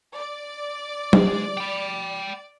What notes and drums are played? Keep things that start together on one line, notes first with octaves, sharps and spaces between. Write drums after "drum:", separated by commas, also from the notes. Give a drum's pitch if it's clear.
D5
G#3, drum: tom F#3
G5 B5